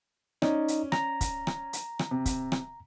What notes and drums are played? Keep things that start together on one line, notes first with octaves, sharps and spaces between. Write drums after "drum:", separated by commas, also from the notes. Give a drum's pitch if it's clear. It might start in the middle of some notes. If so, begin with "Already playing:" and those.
C#4 D#4 D5, drum: rim click
drum: hi-hat
A#5, drum: rim click
drum: kick, hi-hat
drum: rim click
drum: hi-hat
drum: rim click
C3
drum: kick, hi-hat
drum: rim click